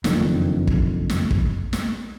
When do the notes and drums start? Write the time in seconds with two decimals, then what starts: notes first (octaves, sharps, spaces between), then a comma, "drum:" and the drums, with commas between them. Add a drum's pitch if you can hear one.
0.04 F#1 F2 D#3 D4, drum: snare
0.67 drum: kick
1.10 drum: snare
1.31 drum: kick
1.73 drum: snare